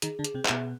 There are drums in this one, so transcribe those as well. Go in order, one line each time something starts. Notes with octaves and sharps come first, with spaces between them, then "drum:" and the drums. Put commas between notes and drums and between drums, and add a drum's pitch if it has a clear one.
D#3 D#4 G#4, drum: hi-hat
D3 D4
G#4, drum: hi-hat
C3 C4
B2 B3 E5, drum: clap